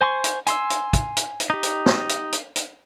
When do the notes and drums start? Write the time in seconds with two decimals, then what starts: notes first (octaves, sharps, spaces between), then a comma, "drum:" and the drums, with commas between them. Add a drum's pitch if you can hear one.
0.01 C5 G#5 C6 C#6
0.24 drum: hi-hat
0.47 G#5 C6 E6, drum: hi-hat
0.70 drum: hi-hat
0.93 drum: kick, hi-hat
1.17 drum: hi-hat
1.40 drum: hi-hat
1.50 D#4 G4
1.63 drum: hi-hat
1.86 drum: snare
2.09 drum: hi-hat
2.32 drum: hi-hat
2.56 drum: hi-hat